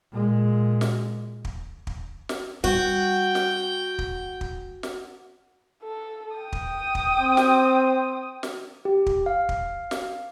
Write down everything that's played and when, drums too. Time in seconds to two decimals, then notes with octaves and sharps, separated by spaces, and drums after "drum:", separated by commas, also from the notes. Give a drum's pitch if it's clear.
0.12 A#2 G#3
0.81 drum: snare
1.45 drum: kick
1.87 drum: kick
2.29 drum: snare
2.64 G3 F#4 G5
3.35 drum: snare
3.99 drum: kick
4.41 drum: kick
4.83 drum: snare
5.83 A4
6.36 G5 D#6
6.52 drum: kick
6.95 drum: kick
7.20 C4
7.37 drum: snare
8.43 drum: snare
8.85 G4
9.06 drum: kick
9.26 F5
9.49 drum: kick
9.91 drum: snare